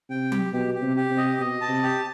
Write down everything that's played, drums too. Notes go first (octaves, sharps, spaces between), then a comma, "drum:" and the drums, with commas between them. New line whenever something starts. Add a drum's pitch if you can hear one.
C3 G5
G4, drum: tom F#3
B2 G4
G4
C3
G4
C3
D#5
B2 D#5
A5
C3
G4